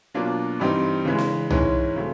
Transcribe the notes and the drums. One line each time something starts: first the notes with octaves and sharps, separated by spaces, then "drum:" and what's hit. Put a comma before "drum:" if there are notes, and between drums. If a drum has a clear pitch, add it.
B2 F#3 A#3 D4 F4
G2 E3 G3 C4 D#4
C#3 E3 G#3
drum: snare
G#2 E3 G#3 C#4 E4, drum: tom C2
C#3 F#3 A3 C4